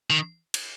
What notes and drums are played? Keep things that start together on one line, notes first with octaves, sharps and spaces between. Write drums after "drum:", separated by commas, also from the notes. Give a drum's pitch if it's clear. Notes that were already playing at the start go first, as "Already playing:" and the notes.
D#3
drum: cymbal